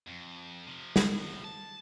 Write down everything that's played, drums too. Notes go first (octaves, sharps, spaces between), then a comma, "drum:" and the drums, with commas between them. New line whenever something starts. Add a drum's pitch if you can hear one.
F2
C3 F3
drum: snare
A5